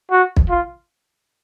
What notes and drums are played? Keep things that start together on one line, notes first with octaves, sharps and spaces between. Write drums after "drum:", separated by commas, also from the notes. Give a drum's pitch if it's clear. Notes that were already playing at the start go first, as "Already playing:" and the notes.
F#4
drum: kick
F4